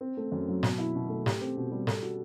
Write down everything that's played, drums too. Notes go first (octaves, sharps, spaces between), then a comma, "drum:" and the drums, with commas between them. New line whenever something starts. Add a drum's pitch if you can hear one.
C4
A3
F#2
F#3
B2, drum: snare
E4
B2
A3
G4, drum: snare
C4
B2
G3
A4, drum: snare
F#4